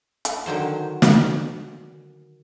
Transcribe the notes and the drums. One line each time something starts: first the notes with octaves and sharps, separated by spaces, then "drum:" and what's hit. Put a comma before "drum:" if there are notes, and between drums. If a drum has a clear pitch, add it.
drum: hi-hat
D3 D#3 F#3 C5
drum: snare